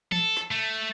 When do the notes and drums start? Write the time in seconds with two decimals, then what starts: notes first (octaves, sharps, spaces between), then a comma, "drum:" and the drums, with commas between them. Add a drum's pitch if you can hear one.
0.12 A4, drum: tom E3
0.37 drum: snare
0.51 A3